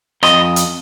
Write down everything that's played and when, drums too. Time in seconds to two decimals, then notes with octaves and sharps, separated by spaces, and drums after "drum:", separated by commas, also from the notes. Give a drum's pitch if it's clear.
0.23 F2 D#5, drum: rim click
0.56 drum: hi-hat